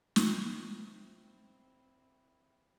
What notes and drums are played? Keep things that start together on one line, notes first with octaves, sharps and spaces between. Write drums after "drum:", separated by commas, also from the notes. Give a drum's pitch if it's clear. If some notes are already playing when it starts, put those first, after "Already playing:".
C4 E4, drum: snare